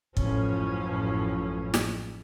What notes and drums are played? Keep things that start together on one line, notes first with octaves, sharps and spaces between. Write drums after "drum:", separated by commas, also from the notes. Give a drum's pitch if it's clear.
A1 F#2 A2 F3 C#4, drum: kick
drum: snare